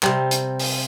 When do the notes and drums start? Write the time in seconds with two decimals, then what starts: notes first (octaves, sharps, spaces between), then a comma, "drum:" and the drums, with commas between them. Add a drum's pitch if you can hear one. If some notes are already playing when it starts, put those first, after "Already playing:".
0.03 C3 G3 C4, drum: clap
0.31 drum: hi-hat
0.59 drum: open hi-hat